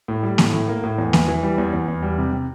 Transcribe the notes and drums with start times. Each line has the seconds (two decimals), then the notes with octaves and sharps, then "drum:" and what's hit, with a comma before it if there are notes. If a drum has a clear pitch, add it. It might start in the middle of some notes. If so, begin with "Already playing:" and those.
0.08 A2
0.23 G3
0.38 A2, drum: snare A#3
0.53 A2
0.68 A#3
0.84 A2
0.98 E2
1.13 E3, drum: snare A#3
1.28 E3
1.43 G3
1.58 E2
1.73 E2
1.88 E2
2.03 G3
2.18 C3
2.33 C3